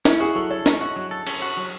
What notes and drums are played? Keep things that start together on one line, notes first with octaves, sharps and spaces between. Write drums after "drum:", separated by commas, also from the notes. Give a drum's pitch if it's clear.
C#4 E4, drum: snare
F#4 G#4
F#3 A4
A4 C#5
C#4 D#5, drum: snare
F#4
F#3
A4
C#4, drum: cymbal
F#4
F#3